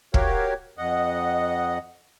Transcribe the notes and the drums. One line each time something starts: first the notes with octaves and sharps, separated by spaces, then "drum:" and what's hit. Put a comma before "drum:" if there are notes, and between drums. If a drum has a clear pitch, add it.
F#4 G4 A#4 C#5 F5 G5, drum: kick
F2 D#5 F#5